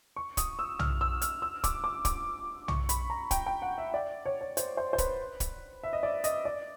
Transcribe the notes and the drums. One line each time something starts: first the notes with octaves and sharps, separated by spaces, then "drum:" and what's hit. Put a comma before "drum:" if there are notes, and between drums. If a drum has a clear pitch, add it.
C#6
D#6, drum: kick, hi-hat
E6
F6, drum: tom
E6
F6, drum: hi-hat
E6
D6, drum: kick, hi-hat
D6
D6, drum: kick, hi-hat
C#6, drum: tom
B5, drum: hi-hat
A#5
G5, drum: kick, hi-hat
G5
F#5
E5
D5
C#5
C#5
C5, drum: hi-hat
C5
C5
B4, drum: kick, hi-hat
drum: kick, hi-hat
E5
D#5
D5
D#5, drum: hi-hat
D5